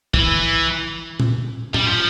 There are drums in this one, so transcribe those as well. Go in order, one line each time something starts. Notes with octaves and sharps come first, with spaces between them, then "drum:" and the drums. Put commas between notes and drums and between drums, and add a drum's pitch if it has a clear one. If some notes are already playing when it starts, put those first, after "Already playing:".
E3, drum: kick
drum: tom
G3, drum: tom A2
F3